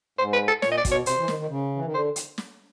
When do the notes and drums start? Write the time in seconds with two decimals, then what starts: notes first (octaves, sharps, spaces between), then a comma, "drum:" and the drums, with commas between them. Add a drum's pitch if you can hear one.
0.18 G#2 C5
0.33 B4
0.48 A4
0.62 A#2 C#5, drum: snare
0.71 D#5
0.77 D5
0.85 B2, drum: kick, hi-hat
0.91 C#5
1.06 C3 C5, drum: hi-hat
1.18 E3
1.28 D#3, drum: snare
1.39 D#3
1.50 C#3
1.76 E3
1.85 D#3
1.94 D3 C5
2.16 drum: hi-hat
2.38 drum: snare